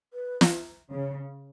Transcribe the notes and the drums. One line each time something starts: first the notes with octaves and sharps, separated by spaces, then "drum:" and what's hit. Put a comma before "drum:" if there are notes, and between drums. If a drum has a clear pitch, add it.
B4
drum: snare
C#3 C#5